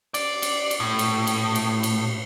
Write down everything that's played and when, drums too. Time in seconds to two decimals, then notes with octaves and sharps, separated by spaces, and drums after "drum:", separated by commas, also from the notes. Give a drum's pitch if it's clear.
0.14 D5, drum: cymbal
0.42 drum: cymbal
0.71 drum: cymbal
0.80 A2
0.99 drum: cymbal
1.27 drum: cymbal
1.55 drum: cymbal
1.83 drum: cymbal